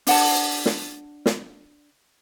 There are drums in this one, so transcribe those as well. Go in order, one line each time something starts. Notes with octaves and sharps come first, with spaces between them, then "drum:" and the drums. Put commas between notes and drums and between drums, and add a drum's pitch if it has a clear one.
D4 F#5 A5, drum: open hi-hat
drum: snare
drum: snare